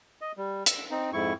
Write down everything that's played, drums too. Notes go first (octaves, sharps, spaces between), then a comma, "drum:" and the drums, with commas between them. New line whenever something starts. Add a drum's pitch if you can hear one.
D#5
G3
E6, drum: hi-hat
C4 D#4
F2 G#2 E4 C#6